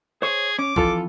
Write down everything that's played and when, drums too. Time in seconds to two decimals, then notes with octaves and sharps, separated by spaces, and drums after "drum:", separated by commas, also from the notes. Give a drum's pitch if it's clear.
0.22 G#4 C5 C#5
0.59 C#4 D6
0.76 F2 E3 F3 F4 A4, drum: kick